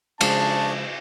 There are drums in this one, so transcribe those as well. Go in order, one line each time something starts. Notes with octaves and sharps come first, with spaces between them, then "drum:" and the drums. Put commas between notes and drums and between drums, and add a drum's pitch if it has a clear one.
C#2 F3 D4 G#4 A5 C#6, drum: cymbal